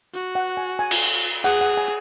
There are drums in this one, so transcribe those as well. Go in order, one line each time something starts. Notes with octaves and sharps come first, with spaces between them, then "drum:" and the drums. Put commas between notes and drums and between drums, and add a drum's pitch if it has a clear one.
F#4
F#5
G#5
G#5
drum: cymbal
G#4 F#5
F#5
G#5